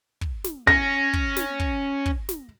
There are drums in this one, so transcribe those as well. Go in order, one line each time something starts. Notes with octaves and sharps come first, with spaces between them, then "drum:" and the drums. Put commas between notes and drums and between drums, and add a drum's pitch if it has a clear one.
drum: kick
drum: snare
C#4 A#6, drum: kick
drum: kick
drum: snare
drum: kick
drum: kick
drum: snare